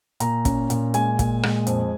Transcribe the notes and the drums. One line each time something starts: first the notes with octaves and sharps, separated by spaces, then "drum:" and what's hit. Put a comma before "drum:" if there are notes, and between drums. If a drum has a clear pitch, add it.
A#2 A#5, drum: hi-hat
C#4, drum: kick, hi-hat
A#2, drum: hi-hat
G#3 G#5, drum: hi-hat
A#2, drum: kick, hi-hat
G#3, drum: rim click
F2, drum: hi-hat